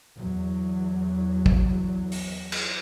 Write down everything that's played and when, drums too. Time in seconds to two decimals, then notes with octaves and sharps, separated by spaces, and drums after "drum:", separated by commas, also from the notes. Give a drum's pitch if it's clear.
0.18 E2 F#3
1.46 drum: kick
2.12 drum: open hi-hat
2.52 drum: cymbal